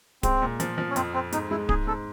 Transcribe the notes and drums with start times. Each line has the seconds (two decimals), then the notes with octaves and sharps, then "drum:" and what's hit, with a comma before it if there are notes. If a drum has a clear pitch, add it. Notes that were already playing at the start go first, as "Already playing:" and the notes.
0.23 G#3 C4, drum: kick D1, hi-hat
0.42 A#2
0.60 F3, drum: hi-hat
0.78 F3
0.90 C#4
0.96 F2 C4, drum: hi-hat
1.14 F2 C4
1.32 G#2 D#4, drum: hi-hat
1.51 G#3 E4
1.69 G#2 G#4, drum: kick D1
1.87 G#2 A4